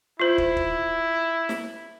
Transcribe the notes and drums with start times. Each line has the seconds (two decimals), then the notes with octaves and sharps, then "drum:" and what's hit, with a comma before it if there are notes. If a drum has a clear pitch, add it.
0.20 E4 F4 C5
0.38 drum: kick
0.57 drum: kick
1.49 drum: snare